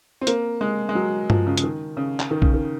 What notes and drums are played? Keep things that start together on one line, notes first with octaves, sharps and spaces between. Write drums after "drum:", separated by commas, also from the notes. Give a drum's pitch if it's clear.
C4
A#3, drum: hi-hat
G#3
G#3
F#3
F3, drum: tom G2
C#3
C#3, drum: hi-hat
D#3
C#3
drum: clap
D#3
C#3, drum: kick A#1
D#3